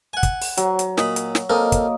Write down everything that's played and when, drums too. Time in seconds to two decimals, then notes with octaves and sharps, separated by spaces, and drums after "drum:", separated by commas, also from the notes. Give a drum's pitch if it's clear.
0.13 F#5 G#5
0.23 drum: kick, hi-hat
0.42 drum: open hi-hat
0.57 F#3, drum: hi-hat
0.79 drum: hi-hat
0.97 A#2 D#5 B5, drum: snare
1.16 drum: hi-hat
1.35 drum: snare
1.50 A#3 C4 A4 A#4 D#5
1.72 drum: kick, hi-hat